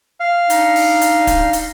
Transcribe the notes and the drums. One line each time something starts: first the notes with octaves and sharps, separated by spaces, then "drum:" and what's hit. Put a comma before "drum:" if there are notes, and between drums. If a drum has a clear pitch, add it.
F5
D4 D#4, drum: hi-hat
drum: open hi-hat
drum: hi-hat
drum: kick, hi-hat
drum: hi-hat